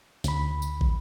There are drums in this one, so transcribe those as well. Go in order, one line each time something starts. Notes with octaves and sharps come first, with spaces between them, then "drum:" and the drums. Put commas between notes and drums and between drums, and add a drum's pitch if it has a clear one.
D2 B5, drum: snare
drum: tambourine
drum: kick